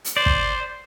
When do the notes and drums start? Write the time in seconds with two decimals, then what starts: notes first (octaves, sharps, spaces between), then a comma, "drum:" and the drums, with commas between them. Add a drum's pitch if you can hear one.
0.05 drum: hi-hat
0.17 C5 D5
0.26 drum: kick